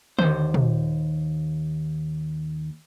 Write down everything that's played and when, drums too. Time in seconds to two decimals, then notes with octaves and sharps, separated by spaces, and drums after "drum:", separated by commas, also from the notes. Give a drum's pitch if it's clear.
0.19 D#2 C5, drum: tom D3
0.54 drum: tom